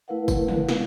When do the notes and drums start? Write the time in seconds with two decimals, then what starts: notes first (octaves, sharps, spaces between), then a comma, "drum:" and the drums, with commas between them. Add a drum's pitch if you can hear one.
0.08 A3 E4 A#4 B4 F5 F#5
0.28 drum: kick, tambourine
0.48 drum: tom
0.69 drum: snare